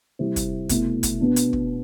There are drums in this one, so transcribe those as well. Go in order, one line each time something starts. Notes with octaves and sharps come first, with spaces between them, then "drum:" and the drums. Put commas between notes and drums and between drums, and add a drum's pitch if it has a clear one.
C3 G3 C4 E4
drum: kick, hi-hat
B2 A3 E4, drum: kick, hi-hat
drum: kick, hi-hat
B2 B3 D4
drum: hi-hat
drum: kick